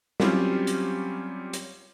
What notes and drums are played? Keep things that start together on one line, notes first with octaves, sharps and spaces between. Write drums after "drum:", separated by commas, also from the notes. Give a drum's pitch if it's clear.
F#3 G3 C4 C#4 F4 G4, drum: snare
drum: hi-hat
drum: hi-hat